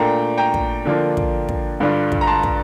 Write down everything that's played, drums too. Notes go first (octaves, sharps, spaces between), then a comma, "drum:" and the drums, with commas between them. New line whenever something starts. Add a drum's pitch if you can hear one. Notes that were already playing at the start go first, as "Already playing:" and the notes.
Already playing: A#2 A3 D4 G5 A#5
G5 A#5
drum: kick
D3 F3 A#3 D4 F4
drum: kick
drum: kick
G2 D3 G3 D4 F4
drum: kick
A#5
A5 C6
drum: kick